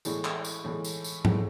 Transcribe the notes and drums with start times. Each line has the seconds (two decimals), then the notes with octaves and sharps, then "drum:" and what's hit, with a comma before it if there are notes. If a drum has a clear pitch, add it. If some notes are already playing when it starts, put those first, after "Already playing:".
0.05 A2 E3 G#3, drum: tambourine
0.25 drum: clap
0.45 drum: tambourine
0.64 A2 E3 G#3
0.84 drum: tambourine
1.04 drum: tambourine
1.25 A2 E3 G#3, drum: tom G#2